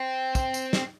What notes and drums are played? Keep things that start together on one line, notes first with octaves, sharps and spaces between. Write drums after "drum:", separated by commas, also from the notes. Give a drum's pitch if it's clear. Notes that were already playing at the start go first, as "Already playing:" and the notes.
Already playing: C4
drum: kick, tambourine
drum: tambourine
drum: snare